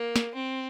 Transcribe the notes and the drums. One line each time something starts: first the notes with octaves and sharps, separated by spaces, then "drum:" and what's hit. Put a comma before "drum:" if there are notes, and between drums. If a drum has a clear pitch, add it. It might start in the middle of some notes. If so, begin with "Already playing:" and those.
Already playing: A#3
drum: snare
C4